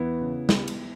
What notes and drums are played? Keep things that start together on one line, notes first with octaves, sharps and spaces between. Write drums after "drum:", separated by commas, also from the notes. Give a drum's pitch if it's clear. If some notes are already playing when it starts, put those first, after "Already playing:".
Already playing: E2 E3 B3 E4
C#3
drum: snare
drum: cymbal